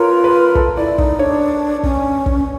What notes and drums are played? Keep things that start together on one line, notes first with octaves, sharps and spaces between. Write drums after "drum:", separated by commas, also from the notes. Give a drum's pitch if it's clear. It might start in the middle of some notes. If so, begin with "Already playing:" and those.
Already playing: F4 A#4 B4 C#5
B4
A4, drum: kick
E4 D5
D#4 D5, drum: kick
D4 C#5
C#4, drum: kick
drum: kick